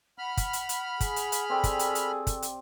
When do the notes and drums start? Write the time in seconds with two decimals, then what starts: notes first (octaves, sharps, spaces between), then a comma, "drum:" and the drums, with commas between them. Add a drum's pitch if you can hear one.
0.18 F#5 B5 F6
0.37 drum: kick, hi-hat
0.53 drum: hi-hat
0.69 drum: hi-hat
1.01 G#4, drum: kick, hi-hat
1.16 drum: hi-hat
1.32 drum: hi-hat
1.50 C4 G4 A4 D5
1.64 drum: kick, hi-hat
1.79 drum: hi-hat
1.95 drum: hi-hat
2.27 drum: kick, hi-hat
2.42 drum: hi-hat